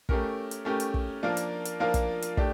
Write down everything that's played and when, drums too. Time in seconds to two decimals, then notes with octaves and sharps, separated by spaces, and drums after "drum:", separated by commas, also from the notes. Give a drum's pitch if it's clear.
0.09 A3 C#4 G4 A#4, drum: kick
0.51 drum: hi-hat
0.65 A3 C#4 G4 A#4
0.80 drum: hi-hat
0.94 drum: kick
1.23 F3 A#3 D4 F4 A#4
1.37 drum: hi-hat
1.65 drum: hi-hat
1.80 F3 A#3 D4 F4 A#4
1.94 drum: kick, hi-hat
2.22 drum: hi-hat
2.37 A3 D4 G4, drum: kick